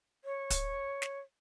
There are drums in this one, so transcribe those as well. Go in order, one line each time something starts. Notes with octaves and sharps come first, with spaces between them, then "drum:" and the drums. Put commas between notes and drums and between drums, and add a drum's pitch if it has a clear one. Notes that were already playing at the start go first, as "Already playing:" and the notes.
C#5
drum: kick, hi-hat
drum: snare